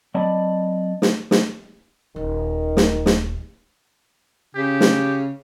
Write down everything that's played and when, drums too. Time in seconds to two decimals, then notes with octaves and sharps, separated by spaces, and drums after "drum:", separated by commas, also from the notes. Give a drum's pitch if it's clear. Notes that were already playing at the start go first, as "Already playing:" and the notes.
0.14 F#3 C4 D5 D#5 A5 B5
1.02 drum: snare
1.31 drum: snare
2.16 D#1 D#3
2.77 drum: snare
3.06 drum: snare
4.55 C#3 G4
4.81 drum: snare